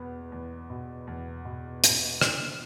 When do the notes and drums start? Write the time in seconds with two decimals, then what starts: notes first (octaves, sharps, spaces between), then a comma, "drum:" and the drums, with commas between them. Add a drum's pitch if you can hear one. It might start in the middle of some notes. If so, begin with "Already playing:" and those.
Already playing: E2 B2 B3
0.32 E2
0.70 B2
1.07 E2
1.45 B2
1.84 B2, drum: hi-hat
2.21 D4, drum: rim click